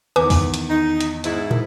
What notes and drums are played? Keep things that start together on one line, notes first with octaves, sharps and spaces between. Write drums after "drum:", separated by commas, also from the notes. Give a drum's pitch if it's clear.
E2 D#3 B4 G#5 D6
drum: kick D2, open hi-hat
drum: hi-hat
D#4
drum: hi-hat
G#2 E4, drum: hi-hat
A#2